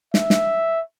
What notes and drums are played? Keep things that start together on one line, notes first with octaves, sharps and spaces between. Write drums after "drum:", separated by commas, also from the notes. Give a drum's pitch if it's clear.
E5, drum: snare
drum: snare